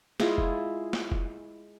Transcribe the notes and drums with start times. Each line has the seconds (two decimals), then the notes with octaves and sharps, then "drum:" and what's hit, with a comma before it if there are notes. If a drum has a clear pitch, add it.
0.20 G#3 E4 F4 G#4, drum: snare
0.38 drum: kick F1
0.93 drum: snare
1.12 drum: kick F1